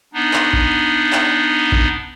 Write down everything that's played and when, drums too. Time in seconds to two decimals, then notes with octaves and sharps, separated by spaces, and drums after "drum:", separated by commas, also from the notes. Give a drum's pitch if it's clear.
0.14 B3 D4 D#4
0.33 drum: clap
0.53 drum: kick G#1
1.13 drum: clap
1.72 drum: kick G#1